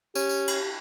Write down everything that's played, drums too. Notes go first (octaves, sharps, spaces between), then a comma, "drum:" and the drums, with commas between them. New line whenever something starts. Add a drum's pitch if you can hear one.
C#4 G4, drum: tambourine
drum: tambourine
drum: cymbal